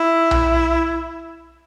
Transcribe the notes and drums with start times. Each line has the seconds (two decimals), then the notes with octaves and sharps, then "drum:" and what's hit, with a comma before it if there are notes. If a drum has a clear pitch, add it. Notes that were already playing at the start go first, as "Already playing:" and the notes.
Already playing: E4
0.31 drum: tom B1